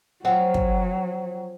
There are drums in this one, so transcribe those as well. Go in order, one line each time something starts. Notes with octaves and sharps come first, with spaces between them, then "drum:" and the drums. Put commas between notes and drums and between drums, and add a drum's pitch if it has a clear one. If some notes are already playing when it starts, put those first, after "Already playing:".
F3 F#3 C4 F#5
drum: kick